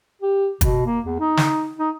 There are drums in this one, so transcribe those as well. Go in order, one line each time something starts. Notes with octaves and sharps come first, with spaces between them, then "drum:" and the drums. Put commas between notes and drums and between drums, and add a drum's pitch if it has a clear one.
G4
B2, drum: kick, hi-hat
A#3
E2
D#4
drum: snare
D#4